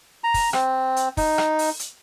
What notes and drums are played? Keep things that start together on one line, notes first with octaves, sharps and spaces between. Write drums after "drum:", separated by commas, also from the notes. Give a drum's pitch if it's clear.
A#5
drum: kick, open hi-hat
C4, drum: rim click
drum: hi-hat
D#4, drum: kick, open hi-hat
drum: rim click
drum: open hi-hat
drum: hi-hat